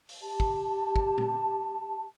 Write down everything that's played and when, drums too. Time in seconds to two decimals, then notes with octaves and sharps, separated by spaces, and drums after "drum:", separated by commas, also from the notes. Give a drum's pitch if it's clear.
0.09 drum: open hi-hat
0.22 G4 A5
0.40 drum: kick
0.96 drum: kick
1.18 drum: tom A#2